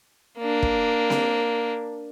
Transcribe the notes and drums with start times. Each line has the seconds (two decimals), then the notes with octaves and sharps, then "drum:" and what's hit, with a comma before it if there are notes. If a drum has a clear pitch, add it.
0.39 A#3 D4
0.63 drum: kick
1.10 drum: snare C4